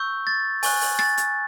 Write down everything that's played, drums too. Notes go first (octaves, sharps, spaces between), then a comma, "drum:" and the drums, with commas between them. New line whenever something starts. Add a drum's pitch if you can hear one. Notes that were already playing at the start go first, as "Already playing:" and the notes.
Already playing: C#6 E6 G6
A6
G#5 C#6 F#6, drum: open hi-hat
drum: open hi-hat
A6, drum: rim click
drum: hi-hat